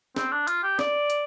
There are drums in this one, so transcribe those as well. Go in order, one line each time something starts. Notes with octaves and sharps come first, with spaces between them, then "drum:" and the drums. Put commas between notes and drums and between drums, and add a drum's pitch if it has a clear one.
C4, drum: snare
D4
F4, drum: hi-hat
G4
D5, drum: snare
drum: hi-hat